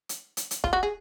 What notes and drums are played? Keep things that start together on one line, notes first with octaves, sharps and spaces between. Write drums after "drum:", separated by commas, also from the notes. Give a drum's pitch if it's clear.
drum: hi-hat
drum: hi-hat
drum: hi-hat
F4, drum: kick
F#4
G#4